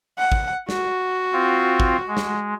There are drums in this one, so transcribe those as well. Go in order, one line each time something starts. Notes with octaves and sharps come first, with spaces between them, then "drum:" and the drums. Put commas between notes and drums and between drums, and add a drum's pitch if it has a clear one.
F#5
drum: kick
F#4, drum: snare
C4 F4
drum: kick
G#3
drum: snare